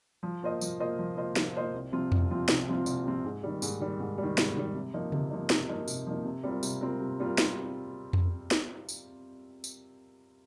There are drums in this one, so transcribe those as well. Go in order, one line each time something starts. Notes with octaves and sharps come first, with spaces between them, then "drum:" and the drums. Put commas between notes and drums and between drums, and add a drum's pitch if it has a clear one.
F3
A#3 F4 C5 D#5
F3, drum: tambourine
A#3 F4 C5 D#5
F3
A#3 F4 C5 D#5
F3, drum: snare
A#3 F4 C5 D#5
C2
C3 F3 C4 F4
C2, drum: tom F2
C3 F3 C4 F4
C2, drum: snare
C3 F3 C4 F4
C2, drum: tambourine
C3 F3 C4 F4
G#2
D#3 G3
G#2, drum: tambourine
D#3 G3
G#2
G3
D#3
G#2, drum: snare
D#3 G3
C3
F3 A#3 D#4
C3, drum: tom C#3
F3 A#3 D#4
C3, drum: snare
F3 A#3 D#4
C3, drum: tambourine
F3 A#3 D#4
C3
G3 C4 F4 A#4
C3, drum: tambourine
G3 C4 F4 A#4
C3
G3 C4 F4 A#4
drum: snare
drum: tom F2
drum: snare
drum: tambourine
drum: tambourine